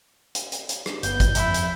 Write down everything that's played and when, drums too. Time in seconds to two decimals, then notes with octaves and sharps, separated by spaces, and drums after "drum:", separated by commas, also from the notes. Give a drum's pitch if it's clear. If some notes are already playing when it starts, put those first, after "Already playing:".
0.35 drum: hi-hat
0.52 drum: hi-hat
0.69 drum: hi-hat
0.86 drum: rim click
1.03 G1 B3 G6, drum: hi-hat
1.20 drum: kick, hi-hat
1.35 F2 E4, drum: hi-hat
1.54 drum: hi-hat